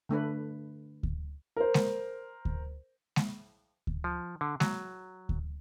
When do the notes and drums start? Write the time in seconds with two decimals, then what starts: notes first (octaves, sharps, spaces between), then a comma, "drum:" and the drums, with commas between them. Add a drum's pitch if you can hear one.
0.09 D3 A3 D4 B4
1.03 drum: kick D2
1.57 A#4 C5
1.74 drum: snare G#3
2.45 drum: kick D2
3.16 drum: snare G#3
3.87 drum: kick D2
4.04 F3
4.41 D3
4.60 F#3, drum: snare G#3
5.29 drum: kick D2